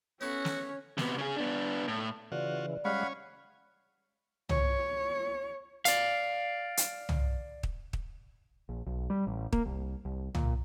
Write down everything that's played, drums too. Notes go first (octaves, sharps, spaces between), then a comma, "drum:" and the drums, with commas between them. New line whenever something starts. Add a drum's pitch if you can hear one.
B3 C#4 E4 F#4 A4 C#5
drum: snare
C3 B3, drum: snare
C#3 G#4
B3 D4
A2
C#3 E3 F4 F#4 D5
G3 G#3 C#4 C#5 F5 F#5 B5
C#5, drum: tom C2
D5 F5, drum: hi-hat
drum: hi-hat
drum: tom C2
drum: kick
drum: kick
A#1
B1
G3
A1
A#3, drum: kick
C2
C2
A#2, drum: tom C2